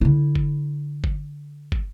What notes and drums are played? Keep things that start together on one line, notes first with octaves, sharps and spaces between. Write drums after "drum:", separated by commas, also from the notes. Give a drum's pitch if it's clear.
D3 E4
drum: kick
drum: kick
drum: kick